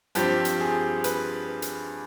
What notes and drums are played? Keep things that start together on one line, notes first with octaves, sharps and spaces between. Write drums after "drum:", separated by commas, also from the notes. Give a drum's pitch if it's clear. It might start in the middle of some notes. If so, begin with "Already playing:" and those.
G2 F3 C4 G4, drum: hi-hat
drum: hi-hat
G#4
B4, drum: hi-hat
drum: hi-hat